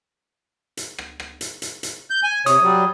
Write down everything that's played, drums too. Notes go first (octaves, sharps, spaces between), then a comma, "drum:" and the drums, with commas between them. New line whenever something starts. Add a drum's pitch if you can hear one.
drum: hi-hat
drum: rim click
drum: rim click
drum: hi-hat
drum: hi-hat
drum: hi-hat
G6
G#5
C3 C#5 D#6, drum: hi-hat
F#3 G3